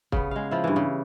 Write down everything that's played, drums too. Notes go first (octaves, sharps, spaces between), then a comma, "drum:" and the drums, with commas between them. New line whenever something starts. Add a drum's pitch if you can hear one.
C#3 B3, drum: kick
G#3 F5
F3 E4
G2 E3
C#3